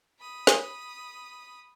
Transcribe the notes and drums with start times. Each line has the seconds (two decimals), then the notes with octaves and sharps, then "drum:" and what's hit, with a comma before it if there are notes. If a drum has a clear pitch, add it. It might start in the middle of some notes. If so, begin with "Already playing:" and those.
0.19 B5 D#6
0.47 drum: snare